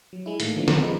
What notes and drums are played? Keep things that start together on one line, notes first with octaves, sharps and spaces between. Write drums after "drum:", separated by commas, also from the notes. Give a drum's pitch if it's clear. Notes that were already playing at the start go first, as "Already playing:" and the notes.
F#3
G#3 E4
A2 D#3 A3 A#3, drum: hi-hat
D3 E3 F3 A3 B3 D4
A#4, drum: snare
C#3 F3 G#3 D#4 B4